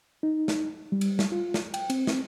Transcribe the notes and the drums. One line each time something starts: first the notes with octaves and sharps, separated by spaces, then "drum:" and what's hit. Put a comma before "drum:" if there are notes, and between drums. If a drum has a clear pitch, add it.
D#4
drum: snare
G3
drum: cymbal
drum: snare
F4
drum: snare
G5, drum: cymbal
C4, drum: cymbal
drum: snare